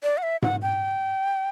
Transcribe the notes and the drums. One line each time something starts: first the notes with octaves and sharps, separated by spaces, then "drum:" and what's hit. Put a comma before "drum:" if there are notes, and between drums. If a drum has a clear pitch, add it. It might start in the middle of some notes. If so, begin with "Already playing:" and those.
D5
F#5
E5
F#5, drum: tom G#2
G5